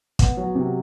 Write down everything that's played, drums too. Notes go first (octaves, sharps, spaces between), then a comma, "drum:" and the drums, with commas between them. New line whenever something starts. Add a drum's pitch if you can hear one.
B3, drum: kick, hi-hat
F#3
C3